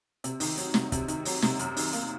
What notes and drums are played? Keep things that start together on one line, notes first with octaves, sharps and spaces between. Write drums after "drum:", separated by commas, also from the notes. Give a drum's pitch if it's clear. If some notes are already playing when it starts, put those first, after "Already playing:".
C3, drum: hi-hat
D#3, drum: open hi-hat
F#3, drum: hi-hat
C3, drum: snare
C3, drum: kick, hi-hat
D#3, drum: hi-hat
F#3, drum: open hi-hat
C3, drum: snare
F#2, drum: hi-hat
D#3, drum: open hi-hat
A#3, drum: hi-hat